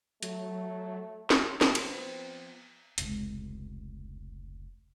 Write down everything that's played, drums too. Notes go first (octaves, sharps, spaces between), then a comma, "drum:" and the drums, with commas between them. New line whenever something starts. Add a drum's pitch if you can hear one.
F#3 A3, drum: hi-hat
drum: snare
F3 B3 C4, drum: snare
drum: cymbal
F1 C#2, drum: hi-hat